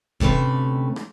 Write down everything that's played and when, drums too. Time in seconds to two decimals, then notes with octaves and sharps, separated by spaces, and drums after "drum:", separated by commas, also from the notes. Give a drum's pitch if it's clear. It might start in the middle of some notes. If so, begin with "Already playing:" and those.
0.20 D2 C3 A3 C#4 B4, drum: kick E1
0.96 drum: rim click